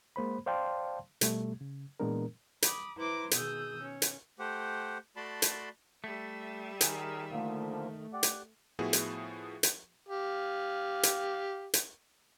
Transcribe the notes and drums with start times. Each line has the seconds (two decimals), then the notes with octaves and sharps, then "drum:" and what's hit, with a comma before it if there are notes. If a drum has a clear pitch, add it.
0.16 G#3 A#3 C5 B5
0.46 C5 D5 F5 G5 A5 C6
1.21 B2 G3 A3, drum: hi-hat
1.61 C#3
2.00 A#2 E3 G#3 B3 D4 A#4
2.62 B5 D6 D#6, drum: hi-hat
2.96 E4 B4 C5 A#5 C6 D6
3.31 B2 D#3 G#4 D#6 E6 G6, drum: hi-hat
3.80 C#4
4.02 drum: hi-hat
4.39 A3 G4 C5 F#5
5.16 A3 F#4 D5 A5 B5 C6
5.42 drum: hi-hat
6.04 G3 A3 E5
6.81 D#3 G#4 A#4, drum: hi-hat
7.31 D3 F3 A3 A#3
8.13 G4 D5 F#5
8.23 drum: hi-hat
8.79 A2 F3 B3 E4 F#4 G#4
8.93 drum: hi-hat
9.63 drum: hi-hat
10.09 G4 F5
11.03 drum: hi-hat
11.74 drum: hi-hat